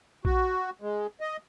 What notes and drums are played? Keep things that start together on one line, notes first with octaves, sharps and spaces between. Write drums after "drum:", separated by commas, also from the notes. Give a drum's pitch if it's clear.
F#4, drum: kick A#1
G#3
D#5